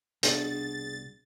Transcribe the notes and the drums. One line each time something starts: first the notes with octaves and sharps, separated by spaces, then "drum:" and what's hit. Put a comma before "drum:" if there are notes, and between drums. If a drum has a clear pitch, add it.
C2 B2 D4 G#4 A6, drum: hi-hat